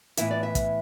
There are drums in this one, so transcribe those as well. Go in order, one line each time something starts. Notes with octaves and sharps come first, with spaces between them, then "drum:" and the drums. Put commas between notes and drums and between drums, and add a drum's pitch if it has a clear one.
A2 E3 B3 E4 E5, drum: hi-hat
D5
E5
drum: kick, hi-hat